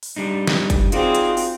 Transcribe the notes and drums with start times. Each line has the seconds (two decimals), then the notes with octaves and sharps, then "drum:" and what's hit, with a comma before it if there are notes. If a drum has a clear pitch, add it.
0.03 drum: open hi-hat
0.16 G3 D4 D#4
0.47 drum: snare
0.70 drum: kick, hi-hat
0.92 C4 D#4 F4 F#4 G#4 D5, drum: hi-hat
1.15 drum: hi-hat
1.37 drum: open hi-hat